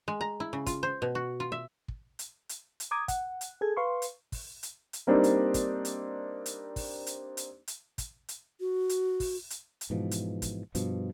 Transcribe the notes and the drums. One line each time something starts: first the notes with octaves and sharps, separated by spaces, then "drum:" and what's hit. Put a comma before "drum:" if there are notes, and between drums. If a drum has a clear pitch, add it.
G#3
A#5
E4
C#3
F4, drum: kick, hi-hat
C5
B2
F#4
F4
E5
drum: kick
drum: hi-hat
drum: hi-hat
drum: hi-hat
A#5 D6 D#6 G#6
F#5, drum: kick, hi-hat
drum: hi-hat
G#4 A4 G#6
B4 F5 C6 C#6
drum: hi-hat
drum: kick, open hi-hat
drum: hi-hat
drum: hi-hat
G3 A#3 C4 D4 D#4
drum: hi-hat
drum: kick, hi-hat
drum: hi-hat
drum: hi-hat
drum: kick, open hi-hat
drum: hi-hat
drum: hi-hat
drum: hi-hat
drum: kick, hi-hat
drum: hi-hat
F#4
drum: hi-hat
drum: kick, open hi-hat
drum: hi-hat
drum: hi-hat
G#2 B2 E3 F3
drum: hi-hat
drum: kick, hi-hat
G2 B2 F3, drum: hi-hat